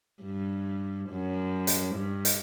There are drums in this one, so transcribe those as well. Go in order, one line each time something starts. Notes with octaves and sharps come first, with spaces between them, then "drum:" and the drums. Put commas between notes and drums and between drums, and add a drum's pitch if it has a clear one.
G2
F#2
drum: hi-hat
G2
drum: hi-hat